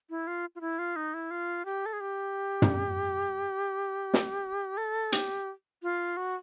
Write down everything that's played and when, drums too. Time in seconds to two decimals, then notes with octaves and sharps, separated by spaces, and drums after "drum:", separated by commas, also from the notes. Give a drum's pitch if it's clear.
0.10 E4
0.27 F4
0.55 F4
0.61 E4
0.79 F4
0.96 D#4
1.14 E4
1.31 F4
1.65 G4
1.86 A4
1.93 G#4
2.00 G4
2.62 drum: tom
4.14 drum: snare
4.77 A4
5.12 G4, drum: hi-hat
5.83 F4
6.17 F#4